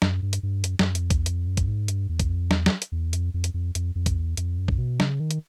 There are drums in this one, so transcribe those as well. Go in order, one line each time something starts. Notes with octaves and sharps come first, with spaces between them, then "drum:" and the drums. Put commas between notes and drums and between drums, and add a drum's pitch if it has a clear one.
F#2, drum: snare
G2
drum: hi-hat
G2
F#2, drum: hi-hat
F#2, drum: snare
F2, drum: hi-hat
E2, drum: kick A#1, hi-hat
F2, drum: hi-hat
F#2
drum: kick A#1, hi-hat
G#2
G2, drum: hi-hat
E2
drum: kick A#1, hi-hat
F2
E2, drum: snare
drum: snare
drum: hi-hat
E2
F2, drum: hi-hat
F2
drum: hi-hat
F2
F2, drum: hi-hat
F2
drum: kick A#1, hi-hat
E2
F2, drum: hi-hat
F#2
drum: kick A#1
B2
C#3, drum: snare
D#3
drum: hi-hat